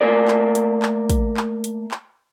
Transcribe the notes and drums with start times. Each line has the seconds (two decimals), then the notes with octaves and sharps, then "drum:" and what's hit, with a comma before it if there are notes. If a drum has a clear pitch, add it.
0.01 A3 A#3 A#4 D5
0.28 drum: clap
0.55 drum: hi-hat
0.82 drum: clap
1.10 drum: kick, hi-hat
1.37 drum: clap
1.64 drum: hi-hat
1.91 drum: clap